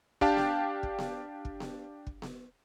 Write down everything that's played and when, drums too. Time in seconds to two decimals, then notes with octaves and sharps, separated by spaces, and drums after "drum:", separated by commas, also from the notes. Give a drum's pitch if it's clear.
0.21 D4 G4 F5 G5 A5, drum: kick
0.37 drum: snare B3
0.83 drum: kick
0.98 drum: snare B3
1.45 drum: kick
1.60 drum: snare B3
2.07 drum: kick
2.22 drum: snare B3